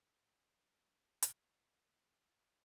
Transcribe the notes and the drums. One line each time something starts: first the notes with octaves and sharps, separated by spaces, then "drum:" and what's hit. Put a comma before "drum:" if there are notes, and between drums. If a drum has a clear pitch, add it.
D#5 G#5 A#5 C#6 D#6
drum: hi-hat